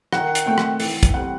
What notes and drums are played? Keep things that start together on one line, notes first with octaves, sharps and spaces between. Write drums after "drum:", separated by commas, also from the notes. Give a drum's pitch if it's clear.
D#3 F#5, drum: rim click
drum: hi-hat
A3 C4 G5
drum: rim click
E3, drum: open hi-hat
drum: kick, hi-hat
G3 C4 F#5